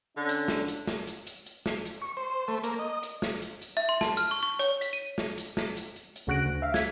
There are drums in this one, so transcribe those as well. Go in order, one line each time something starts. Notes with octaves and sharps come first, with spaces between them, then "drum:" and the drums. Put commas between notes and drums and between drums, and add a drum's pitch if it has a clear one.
D3 C#4 D4 D5
drum: hi-hat
drum: snare
drum: hi-hat
drum: snare
drum: hi-hat
drum: hi-hat
drum: hi-hat
drum: snare
drum: hi-hat
C#6
C5
A3
A#3, drum: hi-hat
D#5
drum: hi-hat
drum: snare
drum: hi-hat
drum: hi-hat
E5
C6
A5, drum: snare
F6, drum: hi-hat
C#6
C#6
C#5, drum: hi-hat
B6, drum: hi-hat
D#7
drum: snare
drum: hi-hat
drum: snare
drum: hi-hat
drum: hi-hat
drum: hi-hat
D2 C#3 F#4 F#6 A#6 D7
D2
E5 F5
G#6 B6, drum: snare